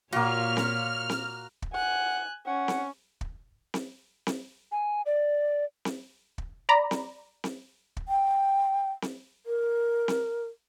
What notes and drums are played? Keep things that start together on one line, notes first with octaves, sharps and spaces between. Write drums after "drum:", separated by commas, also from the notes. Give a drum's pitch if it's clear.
A#2 A#3 F4 F#4 C#5 F6
drum: snare C4
drum: snare C4
drum: kick
F#5 G#5 F#6
C#4 F#5
drum: snare C4
drum: kick
drum: snare C4
drum: snare C4
G#5
D5
drum: snare C4
drum: kick
D5 A#5 B5
drum: snare C4
drum: snare C4
drum: kick
G5
drum: snare C4
A#4
drum: snare C4